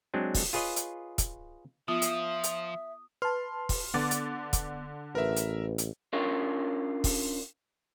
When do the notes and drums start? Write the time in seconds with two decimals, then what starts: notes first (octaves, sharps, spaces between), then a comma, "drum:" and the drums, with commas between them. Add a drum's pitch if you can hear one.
0.14 F#3 G#3 C4 D4
0.34 drum: kick, open hi-hat
0.53 F4 G#4 B4 C#5 D#5
0.76 drum: hi-hat
1.18 drum: kick, hi-hat
1.88 F3 B3 F4 E5 D#6
2.02 drum: hi-hat
2.44 drum: hi-hat
3.22 B4 A5 C6 F6
3.69 drum: kick, open hi-hat
3.94 D3 B3 D6 A6
4.11 drum: hi-hat
4.53 drum: kick, hi-hat
5.15 A1 A#4 B4 E5
5.37 drum: hi-hat
5.78 drum: hi-hat
6.13 C#4 D4 F4 A#4 C#5
7.04 drum: kick, open hi-hat